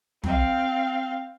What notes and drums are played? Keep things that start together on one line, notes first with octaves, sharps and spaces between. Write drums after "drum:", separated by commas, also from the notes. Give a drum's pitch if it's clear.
C4 F5, drum: tom